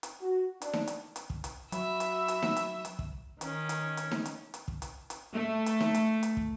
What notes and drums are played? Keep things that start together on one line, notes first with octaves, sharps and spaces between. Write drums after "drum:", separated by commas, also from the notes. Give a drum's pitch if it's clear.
drum: hi-hat
F#4
D4, drum: hi-hat
drum: snare D#4
drum: hi-hat
drum: hi-hat
drum: kick
drum: hi-hat
F#3 F#4 E5 B5 E6, drum: hi-hat
drum: hi-hat
drum: hi-hat
drum: snare D#4
drum: hi-hat
drum: hi-hat
drum: kick
D#3 C#4, drum: hi-hat
drum: hi-hat
drum: hi-hat
drum: snare D#4
drum: hi-hat
drum: hi-hat
drum: kick
drum: hi-hat
drum: hi-hat
A3
drum: hi-hat
drum: snare D#4
drum: hi-hat
drum: hi-hat
drum: kick